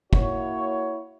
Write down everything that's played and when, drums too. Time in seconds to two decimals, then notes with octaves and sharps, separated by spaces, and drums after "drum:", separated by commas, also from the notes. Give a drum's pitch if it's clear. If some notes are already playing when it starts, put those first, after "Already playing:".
0.13 A#3 E4 F#4 C#5, drum: kick